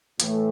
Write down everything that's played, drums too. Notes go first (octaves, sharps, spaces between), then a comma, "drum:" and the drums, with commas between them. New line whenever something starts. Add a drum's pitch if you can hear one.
A2 E3 A3, drum: hi-hat